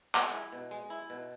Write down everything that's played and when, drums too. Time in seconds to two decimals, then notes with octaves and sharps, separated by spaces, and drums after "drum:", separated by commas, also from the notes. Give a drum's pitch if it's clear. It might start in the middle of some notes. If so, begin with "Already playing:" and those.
0.15 G#3, drum: clap
0.33 E4
0.53 B2
0.71 G#3
0.90 E4
1.10 B2